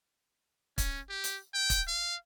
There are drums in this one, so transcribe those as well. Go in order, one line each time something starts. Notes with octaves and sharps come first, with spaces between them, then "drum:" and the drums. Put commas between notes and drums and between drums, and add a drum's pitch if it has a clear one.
C#4, drum: kick, hi-hat
G4
drum: hi-hat
G5
drum: kick, hi-hat
F5